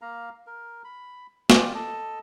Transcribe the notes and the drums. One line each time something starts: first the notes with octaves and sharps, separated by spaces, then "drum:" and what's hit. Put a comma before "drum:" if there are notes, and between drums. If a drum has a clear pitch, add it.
A#3 F5 A#5
A#4
B5
F4 G4 D5, drum: snare
A4 D#5 A5